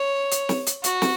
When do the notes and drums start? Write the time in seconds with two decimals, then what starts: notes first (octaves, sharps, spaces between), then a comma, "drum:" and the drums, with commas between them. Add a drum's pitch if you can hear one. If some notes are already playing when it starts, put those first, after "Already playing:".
Already playing: C#5
0.31 drum: hi-hat
0.49 drum: snare
0.67 drum: hi-hat
0.84 F#4, drum: hi-hat
1.02 drum: snare